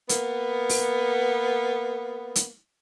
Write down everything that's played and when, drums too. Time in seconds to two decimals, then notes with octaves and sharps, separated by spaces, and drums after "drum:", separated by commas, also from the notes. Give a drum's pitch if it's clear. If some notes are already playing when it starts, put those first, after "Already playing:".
0.09 A#3 B3, drum: hi-hat
0.69 drum: open hi-hat
2.36 drum: hi-hat